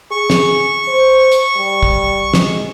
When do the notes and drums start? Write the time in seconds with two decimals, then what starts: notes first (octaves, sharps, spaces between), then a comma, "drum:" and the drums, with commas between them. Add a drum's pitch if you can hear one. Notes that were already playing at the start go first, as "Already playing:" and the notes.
0.11 G#4 C#6
0.30 drum: snare
0.88 C5
1.32 drum: hi-hat
1.56 G3
1.83 drum: kick
2.34 G#3, drum: snare